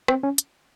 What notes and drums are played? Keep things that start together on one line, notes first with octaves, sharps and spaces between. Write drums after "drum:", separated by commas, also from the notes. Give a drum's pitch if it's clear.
C4, drum: rim click
C#4
drum: hi-hat